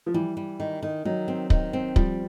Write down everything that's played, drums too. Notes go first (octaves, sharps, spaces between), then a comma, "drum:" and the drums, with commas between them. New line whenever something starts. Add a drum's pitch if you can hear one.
F3
E3 G3
G3
D#3
D#3
D#3 F#3
C4
D#3, drum: kick
C4
F3 G3, drum: kick